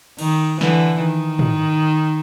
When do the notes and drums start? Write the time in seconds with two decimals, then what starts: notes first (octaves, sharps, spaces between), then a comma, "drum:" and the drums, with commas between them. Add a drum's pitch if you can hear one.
0.19 D#3, drum: cymbal
0.61 D3 E3, drum: snare
1.03 D#3
1.39 drum: tom